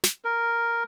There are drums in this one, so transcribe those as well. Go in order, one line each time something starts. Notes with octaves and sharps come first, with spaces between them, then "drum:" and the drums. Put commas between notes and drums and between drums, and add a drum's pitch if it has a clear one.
drum: snare
A#4